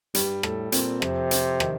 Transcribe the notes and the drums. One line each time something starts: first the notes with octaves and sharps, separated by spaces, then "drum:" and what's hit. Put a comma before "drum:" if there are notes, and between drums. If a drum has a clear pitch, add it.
G2 G3, drum: hi-hat
A2 A4, drum: rim click
A#2 C4, drum: hi-hat
F2 C3, drum: rim click
F2, drum: hi-hat
D#3, drum: rim click